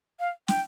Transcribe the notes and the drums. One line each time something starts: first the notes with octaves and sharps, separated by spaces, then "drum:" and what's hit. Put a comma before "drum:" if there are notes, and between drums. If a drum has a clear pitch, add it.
F5
G5, drum: snare